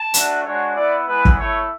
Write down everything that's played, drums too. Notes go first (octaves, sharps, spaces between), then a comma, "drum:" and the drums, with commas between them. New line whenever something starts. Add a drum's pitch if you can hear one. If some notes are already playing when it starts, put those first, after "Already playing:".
Already playing: A5
A3 D4 F#4, drum: hi-hat
G#3 D4 F#4 C#5
B3 E4 D5
G#3 B3 E4 B4
drum: kick
A3 E4 C#5